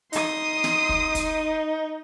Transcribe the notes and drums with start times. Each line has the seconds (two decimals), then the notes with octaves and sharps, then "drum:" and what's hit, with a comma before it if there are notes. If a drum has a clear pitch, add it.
0.13 D#4 C6 D#6, drum: hi-hat
0.64 drum: snare
0.89 drum: kick
1.15 drum: kick, hi-hat